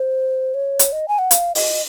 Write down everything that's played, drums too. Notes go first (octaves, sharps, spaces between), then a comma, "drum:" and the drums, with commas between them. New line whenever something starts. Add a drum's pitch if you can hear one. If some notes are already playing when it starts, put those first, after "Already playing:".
Already playing: C5
C#5
drum: hi-hat
D#5
G#5
F#5
F5, drum: hi-hat
D#5, drum: open hi-hat